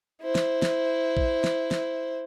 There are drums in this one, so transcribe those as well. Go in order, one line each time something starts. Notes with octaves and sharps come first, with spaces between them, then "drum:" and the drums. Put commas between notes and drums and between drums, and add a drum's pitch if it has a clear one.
E4 C5
drum: snare
drum: snare
drum: kick A#1
drum: snare
drum: snare